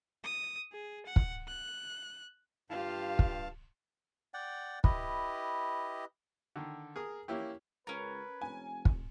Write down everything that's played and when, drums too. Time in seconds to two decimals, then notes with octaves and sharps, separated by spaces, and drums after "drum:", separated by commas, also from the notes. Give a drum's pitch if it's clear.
0.24 D#6
0.72 G#4
1.06 F#5
1.16 drum: kick
1.48 F#6
2.70 G2 F4 G4 F5 A5
3.19 drum: kick
4.34 D5 F#5 G5
4.84 E4 G4 B4 D#5, drum: kick
6.56 D3 D#3
6.96 G#4 A#4 D#6
7.28 A#3 C#4 E4 G4
7.87 C#2 C#4 A#4 B4
8.42 F1 G#5
8.85 drum: kick